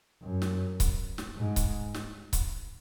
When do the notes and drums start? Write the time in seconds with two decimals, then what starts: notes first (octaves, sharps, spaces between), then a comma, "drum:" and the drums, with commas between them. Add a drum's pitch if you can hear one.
0.22 F#2
0.42 drum: snare
0.80 drum: kick C#1, hi-hat
1.18 drum: snare
1.37 G#2
1.56 drum: kick C#1, hi-hat
1.94 drum: snare
2.33 drum: kick C#1, hi-hat